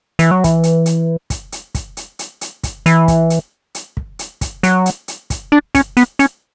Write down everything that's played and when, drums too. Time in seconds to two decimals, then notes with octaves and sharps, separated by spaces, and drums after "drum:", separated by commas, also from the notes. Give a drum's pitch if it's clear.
0.19 E3, drum: hi-hat
0.31 F#3
0.44 E3, drum: kick, hi-hat
0.63 drum: hi-hat
0.86 drum: hi-hat
1.30 drum: kick, hi-hat
1.52 drum: hi-hat
1.75 drum: kick, hi-hat
1.97 drum: hi-hat
2.19 drum: hi-hat
2.41 drum: hi-hat
2.63 drum: kick, hi-hat
2.86 E3, drum: hi-hat
3.08 drum: kick, hi-hat
3.30 drum: hi-hat
3.75 drum: hi-hat
3.97 drum: kick
4.19 drum: hi-hat
4.41 drum: kick, hi-hat
4.63 F#3, drum: hi-hat
4.86 drum: hi-hat
5.08 drum: hi-hat
5.30 drum: kick, hi-hat
5.52 D4
5.75 C#4, drum: kick, hi-hat
5.97 B3, drum: hi-hat
6.19 C#4, drum: hi-hat